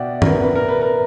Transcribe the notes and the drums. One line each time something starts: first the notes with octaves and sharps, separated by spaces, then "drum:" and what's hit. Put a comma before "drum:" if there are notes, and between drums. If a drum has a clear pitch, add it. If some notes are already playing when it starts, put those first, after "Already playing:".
Already playing: B2 D5 E5 F#5 G5
A#4, drum: tom
B4
B4
A#4
B4
A#4